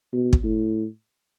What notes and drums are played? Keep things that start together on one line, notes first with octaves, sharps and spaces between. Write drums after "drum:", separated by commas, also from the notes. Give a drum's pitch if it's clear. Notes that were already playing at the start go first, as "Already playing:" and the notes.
B2
drum: kick
A2